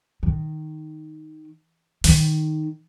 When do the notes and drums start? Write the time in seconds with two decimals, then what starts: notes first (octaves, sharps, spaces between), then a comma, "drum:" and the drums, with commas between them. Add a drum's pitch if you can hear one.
0.23 D#3
2.04 D#3, drum: open hi-hat